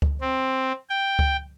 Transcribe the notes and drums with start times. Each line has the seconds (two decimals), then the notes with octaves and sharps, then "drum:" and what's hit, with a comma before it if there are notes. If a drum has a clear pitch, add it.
0.02 drum: kick C#2
0.21 C4
0.90 G5
1.19 drum: kick C#2